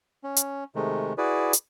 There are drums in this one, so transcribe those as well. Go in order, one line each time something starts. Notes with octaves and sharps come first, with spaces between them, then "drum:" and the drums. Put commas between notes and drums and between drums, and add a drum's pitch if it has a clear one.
C#4
drum: hi-hat
C3 D#3 G#3 A3
E4 F#4 G#4 B4 D5
drum: hi-hat